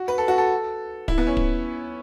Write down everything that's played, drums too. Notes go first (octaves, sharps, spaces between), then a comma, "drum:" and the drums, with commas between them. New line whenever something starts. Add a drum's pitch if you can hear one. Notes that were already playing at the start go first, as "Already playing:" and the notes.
Already playing: F#4
B4
A4
F#4
A4
E4, drum: kick
B3
C#4
drum: kick